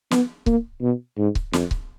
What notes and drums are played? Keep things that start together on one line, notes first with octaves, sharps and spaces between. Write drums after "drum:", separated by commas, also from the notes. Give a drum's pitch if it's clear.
B3, drum: snare
A#3, drum: kick C#1
B2
G#2
drum: kick C#1
F2, drum: snare
drum: kick C#1